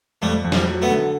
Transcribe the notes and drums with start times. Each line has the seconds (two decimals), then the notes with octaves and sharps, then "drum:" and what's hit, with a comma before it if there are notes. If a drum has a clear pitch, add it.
0.22 F2 G3 A3
0.44 F2
0.52 F3 G3, drum: snare
0.67 F#3
0.82 A3 B3
0.90 D3